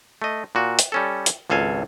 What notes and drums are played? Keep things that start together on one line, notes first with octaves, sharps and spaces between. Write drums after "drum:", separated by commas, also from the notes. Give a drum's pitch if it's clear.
A3 D#5
A#2 F#4
drum: hi-hat
G3 C#4 A4
drum: hi-hat
G#1 C#2 A4 F5 G#5